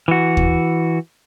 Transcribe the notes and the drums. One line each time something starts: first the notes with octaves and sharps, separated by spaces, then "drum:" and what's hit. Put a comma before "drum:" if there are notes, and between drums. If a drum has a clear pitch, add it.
E3 F#4
drum: kick D#2